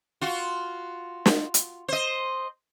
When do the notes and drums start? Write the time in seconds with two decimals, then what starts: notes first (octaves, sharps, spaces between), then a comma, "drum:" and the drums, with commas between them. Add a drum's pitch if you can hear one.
0.21 F4 F#4
1.26 drum: snare
1.54 drum: hi-hat
1.88 C5 D#5